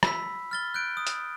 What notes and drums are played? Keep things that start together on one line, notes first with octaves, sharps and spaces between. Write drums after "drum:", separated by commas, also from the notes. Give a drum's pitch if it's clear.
B5 E6 B6, drum: rim click
F6 A6 G7
F#6 G6 D7
D#6
drum: hi-hat